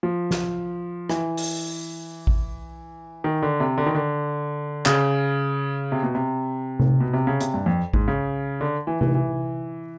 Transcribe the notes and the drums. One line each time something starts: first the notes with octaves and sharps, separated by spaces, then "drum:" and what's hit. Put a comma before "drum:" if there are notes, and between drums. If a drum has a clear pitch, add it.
F3
drum: snare
E3, drum: rim click
drum: open hi-hat
drum: kick G#1
D#3
D3
C3
D3
D#3
D3
C#3, drum: clap
C3
B2
C3
drum: tom C3
B2
C3
C#3
C3, drum: hi-hat
G2
F2
G#2, drum: kick G#1
C#3
D3
E3
E3, drum: tom C3
E3